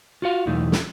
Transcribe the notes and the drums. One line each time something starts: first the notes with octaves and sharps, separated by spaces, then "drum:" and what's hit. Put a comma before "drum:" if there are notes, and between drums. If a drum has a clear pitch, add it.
F4 F#4 F5
B1 E2 E3 A3 D#4
drum: snare